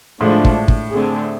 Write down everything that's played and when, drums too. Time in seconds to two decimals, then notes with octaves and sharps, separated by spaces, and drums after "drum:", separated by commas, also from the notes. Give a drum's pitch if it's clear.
0.21 A2 D3 F3 G#3 D4
0.45 drum: kick
0.68 drum: kick
0.92 D3 A3 C4 G#4